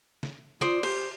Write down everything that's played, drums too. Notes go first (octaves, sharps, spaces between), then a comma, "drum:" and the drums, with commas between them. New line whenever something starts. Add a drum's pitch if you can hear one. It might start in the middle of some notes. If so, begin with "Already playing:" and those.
drum: snare
F4 C5 D5 D#6, drum: snare
G4 C5, drum: cymbal